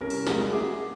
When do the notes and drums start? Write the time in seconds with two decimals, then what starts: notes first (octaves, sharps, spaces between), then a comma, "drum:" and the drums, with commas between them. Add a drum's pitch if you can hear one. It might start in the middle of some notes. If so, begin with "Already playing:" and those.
0.01 C2 C#4 A#4
0.10 drum: open hi-hat
0.27 A#1 E2 G3 G#4, drum: snare
0.52 F#4 G#4 E5 D6